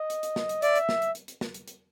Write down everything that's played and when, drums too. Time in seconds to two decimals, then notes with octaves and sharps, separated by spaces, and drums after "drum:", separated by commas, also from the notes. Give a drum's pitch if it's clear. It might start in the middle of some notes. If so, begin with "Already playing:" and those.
Already playing: D#5
0.10 drum: hi-hat
0.23 drum: hi-hat
0.36 drum: snare
0.49 drum: hi-hat
0.62 D5 E5, drum: hi-hat
0.76 drum: hi-hat
0.89 drum: snare
1.02 drum: hi-hat
1.15 drum: hi-hat
1.28 drum: hi-hat
1.41 drum: snare
1.54 drum: hi-hat
1.68 drum: hi-hat